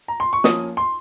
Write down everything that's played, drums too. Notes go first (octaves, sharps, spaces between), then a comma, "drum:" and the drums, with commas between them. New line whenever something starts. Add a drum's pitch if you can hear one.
A#5
C6
C#6
F3 A#3 C#4 D#6, drum: snare
C6